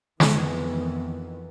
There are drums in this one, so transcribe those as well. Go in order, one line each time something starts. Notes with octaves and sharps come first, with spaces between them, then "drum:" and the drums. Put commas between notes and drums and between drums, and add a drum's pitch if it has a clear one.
F2 D#3 E3 B3, drum: snare